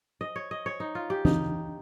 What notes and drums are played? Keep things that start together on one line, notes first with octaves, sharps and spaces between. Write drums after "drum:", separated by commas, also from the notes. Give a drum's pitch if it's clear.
D#5
C#5
D#5
C#5
D#4
F4
G4
D#4, drum: tom